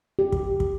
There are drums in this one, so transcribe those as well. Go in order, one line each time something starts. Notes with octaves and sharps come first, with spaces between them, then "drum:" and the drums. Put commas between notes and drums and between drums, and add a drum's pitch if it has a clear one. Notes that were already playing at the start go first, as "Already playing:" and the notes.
G4
drum: kick
drum: kick